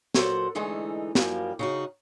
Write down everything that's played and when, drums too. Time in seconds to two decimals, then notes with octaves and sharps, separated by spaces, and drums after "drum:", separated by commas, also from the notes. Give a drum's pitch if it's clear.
0.15 A#2 F#3 A4 A#4 C5 F#5, drum: snare
0.55 D3 E3 G#3 A3 D#4
1.15 F#2 C#3 F3 G3 A#3, drum: snare
1.59 C#3 D#4 F#4